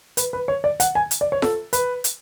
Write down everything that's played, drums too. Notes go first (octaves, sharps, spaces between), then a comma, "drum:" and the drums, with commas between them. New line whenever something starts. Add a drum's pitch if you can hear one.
B4, drum: hi-hat
B4
C#5
D5
F#5, drum: hi-hat
G#5
drum: hi-hat
D5
C#5
A4, drum: snare F4
B4, drum: hi-hat
drum: hi-hat